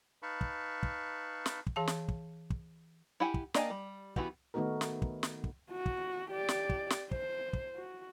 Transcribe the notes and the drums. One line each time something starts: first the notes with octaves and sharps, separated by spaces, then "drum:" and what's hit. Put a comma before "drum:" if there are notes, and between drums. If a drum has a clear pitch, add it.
D#4 B4 F5 A5 B5 C#6
drum: kick
drum: kick
drum: snare
drum: kick
E3 G#4 F5 A5
drum: snare
drum: kick
drum: kick
E4 G4 F#5 G#5
drum: kick
A#3 D4 D#5 G5 G#5, drum: snare
G3
E3 B3 F#4 G4, drum: kick
D#3 A3 B3 D#4 F#4 A#4
drum: snare
drum: kick
drum: snare
drum: kick
F#4
drum: kick
G4 D5
drum: snare
drum: kick
drum: snare
C5, drum: kick
drum: kick
F#4